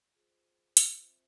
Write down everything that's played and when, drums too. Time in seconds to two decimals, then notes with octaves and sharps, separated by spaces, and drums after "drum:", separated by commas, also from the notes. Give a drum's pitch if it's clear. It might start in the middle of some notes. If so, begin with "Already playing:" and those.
0.13 F4 G#4 C5
0.77 drum: hi-hat
0.99 C4 F4 C5 E5